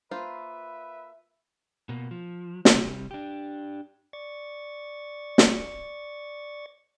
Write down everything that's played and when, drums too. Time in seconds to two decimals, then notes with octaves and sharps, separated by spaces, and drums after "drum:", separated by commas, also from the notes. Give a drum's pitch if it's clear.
0.11 A#3 F4 B4 C5 E5
1.89 B2 A#3
2.11 F3
2.65 drum: snare
2.76 C3 G3
3.11 D4 G4
4.13 D5 C#6 A6
5.38 drum: snare